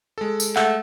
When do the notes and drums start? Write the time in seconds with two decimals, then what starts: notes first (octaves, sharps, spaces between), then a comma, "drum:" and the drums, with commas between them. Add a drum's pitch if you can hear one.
0.18 G#3 A4
0.40 drum: tambourine
0.56 A3 F#5, drum: clap